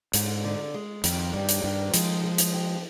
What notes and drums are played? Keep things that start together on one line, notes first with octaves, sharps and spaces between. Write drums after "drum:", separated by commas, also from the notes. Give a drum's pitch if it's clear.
G#2 D3, drum: hi-hat
D3
G#3
F2 D#3, drum: hi-hat
G2 G3
drum: hi-hat
G2 D#3
F3 G#3, drum: hi-hat
G#3
drum: hi-hat
G4